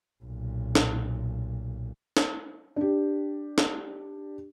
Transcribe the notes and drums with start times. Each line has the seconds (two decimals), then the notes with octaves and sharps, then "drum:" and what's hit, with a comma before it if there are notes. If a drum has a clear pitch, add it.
0.22 B1 A#2
0.75 drum: snare
2.17 drum: snare
2.76 D4 G4
3.58 drum: snare